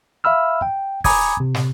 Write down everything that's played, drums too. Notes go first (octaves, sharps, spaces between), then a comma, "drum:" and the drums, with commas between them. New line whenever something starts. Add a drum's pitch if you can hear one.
E5 F5 B5 E6 F6
G5
G#5 A#5 B5 D6 D#6 G#6, drum: kick, open hi-hat
C3
drum: snare